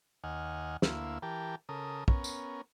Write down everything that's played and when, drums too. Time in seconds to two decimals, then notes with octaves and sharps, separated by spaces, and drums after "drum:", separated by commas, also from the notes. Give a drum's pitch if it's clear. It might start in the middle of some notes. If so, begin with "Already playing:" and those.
0.24 D#2 D#5 F#5 G#5 F6
0.82 D2 A#3 E4 F5 E6, drum: snare
1.22 E3 G4 A#4 G5 A5
1.69 C#3 A4 A#4 D#6
2.08 B3 C#4 A#4, drum: kick
2.24 drum: tambourine